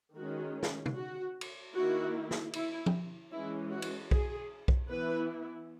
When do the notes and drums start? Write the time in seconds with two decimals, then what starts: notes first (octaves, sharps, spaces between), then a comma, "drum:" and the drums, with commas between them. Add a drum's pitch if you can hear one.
0.17 D#3 G#3 C#4 F#4
0.63 drum: snare
0.86 drum: tom C3
0.96 F#4
1.41 drum: cymbal
1.75 D#3 A#3 E4 F#4
2.31 drum: snare
2.53 E4, drum: cymbal
2.86 drum: tom F3
3.32 E3 G#3 C#4 E4
3.72 F#4
3.82 drum: cymbal
4.11 G#4, drum: kick B1
4.68 drum: kick B1
4.89 E3 B3 E4 B4